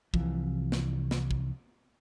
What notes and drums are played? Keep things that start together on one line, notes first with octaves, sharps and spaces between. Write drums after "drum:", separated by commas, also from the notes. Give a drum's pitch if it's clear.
C2 C3 E3 F3, drum: kick
drum: snare
drum: snare
drum: kick